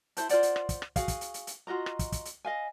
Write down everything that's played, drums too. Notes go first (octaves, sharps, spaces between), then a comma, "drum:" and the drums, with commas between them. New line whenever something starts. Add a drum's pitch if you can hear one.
E4 C5 A5, drum: hi-hat
F4 C5 D5 F#5, drum: hi-hat
drum: hi-hat
drum: rim click
drum: kick, hi-hat
drum: rim click
F#4 G#4 F5, drum: kick, hi-hat
drum: kick, hi-hat
drum: hi-hat
drum: hi-hat
drum: hi-hat
F4 F#4 D#5 A#5
drum: rim click
drum: kick, hi-hat
drum: kick, hi-hat
drum: hi-hat
D#5 F5 G#5